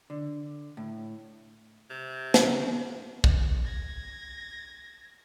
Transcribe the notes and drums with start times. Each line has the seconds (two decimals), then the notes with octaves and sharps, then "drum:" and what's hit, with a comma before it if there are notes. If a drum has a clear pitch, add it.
0.10 D3
0.77 A2
1.90 C3
2.34 drum: snare
3.24 drum: kick
3.64 G#6 A#6